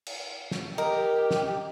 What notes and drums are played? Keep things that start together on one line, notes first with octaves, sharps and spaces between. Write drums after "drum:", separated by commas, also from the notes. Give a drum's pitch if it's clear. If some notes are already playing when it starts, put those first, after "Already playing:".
drum: cymbal
drum: snare
G4 A#4 D#5
drum: snare